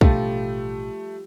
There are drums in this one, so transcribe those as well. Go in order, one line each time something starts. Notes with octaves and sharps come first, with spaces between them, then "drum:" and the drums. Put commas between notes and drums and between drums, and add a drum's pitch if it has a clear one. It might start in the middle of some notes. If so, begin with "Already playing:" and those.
A1 B2 F3 G3 A3 D4 G4 A4, drum: kick